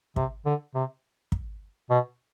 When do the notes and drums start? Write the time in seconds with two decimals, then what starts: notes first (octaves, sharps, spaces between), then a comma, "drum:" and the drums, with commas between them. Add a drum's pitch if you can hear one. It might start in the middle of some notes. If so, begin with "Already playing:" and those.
0.16 C3, drum: kick
0.45 D3
0.75 C3
1.32 drum: kick
1.90 B2